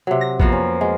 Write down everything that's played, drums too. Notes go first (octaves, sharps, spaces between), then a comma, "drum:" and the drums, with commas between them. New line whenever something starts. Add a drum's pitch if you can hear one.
C3 F#3
A#6
F2 A#3 B3, drum: kick
C#4
G#3 F#4